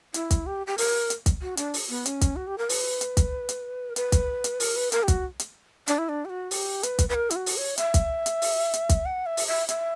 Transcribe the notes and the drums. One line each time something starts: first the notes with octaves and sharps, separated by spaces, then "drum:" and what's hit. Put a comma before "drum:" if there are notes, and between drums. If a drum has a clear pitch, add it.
E4, drum: hi-hat
drum: kick, hi-hat
G4
G4
A#4, drum: open hi-hat
drum: hi-hat
drum: kick, hi-hat
F#4
D4, drum: hi-hat
drum: open hi-hat
B3
C#4, drum: hi-hat
drum: kick, hi-hat
F#4
G4
A#4
B4, drum: open hi-hat
drum: hi-hat
drum: kick, hi-hat
drum: hi-hat
A#4
B4, drum: hi-hat
drum: kick, hi-hat
drum: hi-hat
A#4, drum: open hi-hat
B4
A#4, drum: hi-hat
G4
F#4, drum: kick, hi-hat
drum: hi-hat
D4, drum: hi-hat
E4
D4
G4
F#4
G4, drum: open hi-hat
B4, drum: hi-hat
drum: kick, hi-hat
B4
A#4
E4, drum: hi-hat
F#4
drum: open hi-hat
C#5
E5, drum: hi-hat
drum: kick, hi-hat
drum: hi-hat
drum: open hi-hat
drum: hi-hat
drum: kick, hi-hat
F#5
E5
drum: open hi-hat
E5
E5, drum: hi-hat